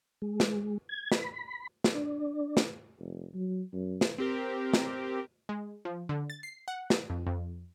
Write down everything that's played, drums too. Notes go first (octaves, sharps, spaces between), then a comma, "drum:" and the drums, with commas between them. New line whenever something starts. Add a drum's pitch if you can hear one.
G#3
drum: snare
G#6
B5, drum: snare
drum: snare
D4
drum: snare
F1
F#3
F#2
drum: snare
C4 G4 A#4
drum: snare
G#3
F3
D3
A6
C7
F#5
drum: snare
F2
F2